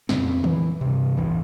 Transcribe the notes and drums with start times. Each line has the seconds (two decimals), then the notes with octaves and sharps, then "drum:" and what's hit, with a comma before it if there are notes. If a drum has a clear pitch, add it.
0.09 F2 A#2 C#3 C4, drum: snare
0.44 E3, drum: tom
0.81 G2 C3
1.17 E1 A1 E2 E3